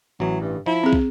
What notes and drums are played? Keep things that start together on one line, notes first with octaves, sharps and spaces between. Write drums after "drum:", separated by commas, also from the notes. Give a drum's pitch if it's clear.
A1 E3 F#3
G2
F3 E4
C4 G#4
drum: kick